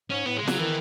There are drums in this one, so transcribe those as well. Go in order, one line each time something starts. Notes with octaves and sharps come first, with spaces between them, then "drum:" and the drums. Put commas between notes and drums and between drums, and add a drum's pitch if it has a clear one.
G#2 C#4
A2 B3
G#3
C#3
F#3, drum: snare
D#3 E3